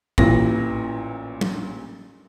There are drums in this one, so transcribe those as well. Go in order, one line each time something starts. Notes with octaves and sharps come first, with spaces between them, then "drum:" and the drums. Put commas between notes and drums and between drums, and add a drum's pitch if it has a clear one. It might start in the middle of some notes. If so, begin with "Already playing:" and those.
A1 A#2 E3 A#6, drum: kick
drum: tom